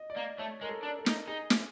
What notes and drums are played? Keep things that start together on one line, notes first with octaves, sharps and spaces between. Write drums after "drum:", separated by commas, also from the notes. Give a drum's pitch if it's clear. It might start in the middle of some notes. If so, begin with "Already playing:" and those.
Already playing: D#5
D5
A#3
A3 C#5
G#3 A#4
A4
D4
A4
D#4, drum: snare
D#4 G#4
drum: snare